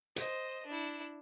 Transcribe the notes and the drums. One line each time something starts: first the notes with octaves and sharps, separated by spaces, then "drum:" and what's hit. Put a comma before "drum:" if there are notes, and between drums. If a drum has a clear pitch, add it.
C5 D#5, drum: hi-hat
D4 E4